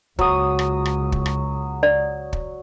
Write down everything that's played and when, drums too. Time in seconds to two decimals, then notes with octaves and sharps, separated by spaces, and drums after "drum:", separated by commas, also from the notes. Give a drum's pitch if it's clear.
0.19 C#2 F#3 D#6, drum: kick
0.59 drum: rim click
0.85 drum: rim click
1.12 drum: kick
1.26 drum: rim click
1.83 D5
2.33 drum: kick